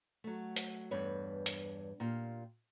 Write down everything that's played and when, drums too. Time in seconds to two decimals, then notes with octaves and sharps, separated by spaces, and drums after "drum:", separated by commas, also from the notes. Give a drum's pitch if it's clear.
0.24 F#3 A3
0.56 drum: hi-hat
0.91 E2 G2 B4 C#5
1.46 drum: hi-hat
2.00 A#2 F4 G4